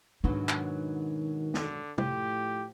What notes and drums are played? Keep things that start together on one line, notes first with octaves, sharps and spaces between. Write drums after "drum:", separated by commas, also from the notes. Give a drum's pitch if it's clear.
G#2 B2 D#3 F#3 D4
drum: clap
D3, drum: snare
A2 F3 G4, drum: tom